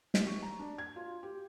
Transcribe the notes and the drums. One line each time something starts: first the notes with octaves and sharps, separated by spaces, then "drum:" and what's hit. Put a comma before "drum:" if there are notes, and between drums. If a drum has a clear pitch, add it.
G4, drum: snare
C#6
A#5
D4
G#6
F4
G4